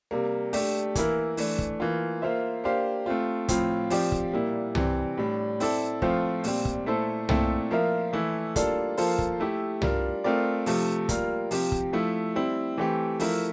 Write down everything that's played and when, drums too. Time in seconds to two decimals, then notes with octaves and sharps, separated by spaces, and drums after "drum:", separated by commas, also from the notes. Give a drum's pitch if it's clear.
0.11 C3 G3 A#3
0.53 A3 D4 G4, drum: open hi-hat
0.95 E3 A#3 E4 A#4, drum: kick, hi-hat
1.37 E3 A3 D4, drum: open hi-hat
1.59 drum: kick
1.80 E3 A#3 F4
2.22 A#3 F4 C5 E5
2.64 A#3 D4 G4 C5 F5
3.06 A3 C4 F4
3.48 A2 F3 C4 F4, drum: kick, hi-hat
3.90 F3 C4 G4 D5, drum: open hi-hat
4.12 drum: kick
4.33 A#2 G3 A#3 E4
4.75 C3 E3 G3 C4, drum: tom C2
5.17 A2 G3 D4
5.60 C4 E4 A4 D5, drum: open hi-hat
6.02 F3 A3 C4 F4 C5, drum: kick
6.44 A#2 G3 C4, drum: open hi-hat
6.65 drum: kick
6.86 A#2 A3 E4 A4 C5
7.29 A#2 A3 C4 E4 A4, drum: tom C2
7.71 F3 A#3 F4 A#4 E5
8.13 E3 A3 E4
8.56 G3 A#3 D4 F4 A4, drum: kick, hi-hat
8.97 F3 A#3 F4 A4 C5, drum: open hi-hat
9.18 drum: kick
9.40 A3 E4 G4
9.82 G3 D4 F4 A#4, drum: tom C2
10.24 A3 C4 F4 A#4 D5
10.66 C3 F3 A3, drum: open hi-hat
11.09 G3 A#3 F4 A#4, drum: kick, hi-hat
11.51 C3 F3 C4 G4, drum: open hi-hat
11.72 drum: kick
11.93 F3 A3 E4
12.35 G3 C4 E4
12.78 E3 A3 C4 G4
13.20 F3 A3 E4 A#4, drum: open hi-hat